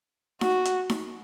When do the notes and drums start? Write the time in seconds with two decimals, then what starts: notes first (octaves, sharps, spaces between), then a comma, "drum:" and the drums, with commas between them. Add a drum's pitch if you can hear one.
0.41 F#4, drum: snare D#4
0.65 drum: hi-hat
0.90 drum: snare D#4